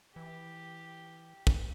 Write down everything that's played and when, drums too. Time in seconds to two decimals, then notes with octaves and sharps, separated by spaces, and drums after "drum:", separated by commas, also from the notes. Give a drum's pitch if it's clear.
0.16 E3 G4
1.47 drum: kick